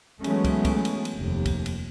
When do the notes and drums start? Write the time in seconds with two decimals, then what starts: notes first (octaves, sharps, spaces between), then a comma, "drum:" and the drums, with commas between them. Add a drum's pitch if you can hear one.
0.24 E3 F#3 G#3 A3 B3 C#4, drum: cymbal
0.45 drum: kick, cymbal
0.65 drum: kick, cymbal
0.85 drum: cymbal
1.05 drum: cymbal
1.17 F1 D#2
1.46 drum: kick, cymbal
1.66 drum: cymbal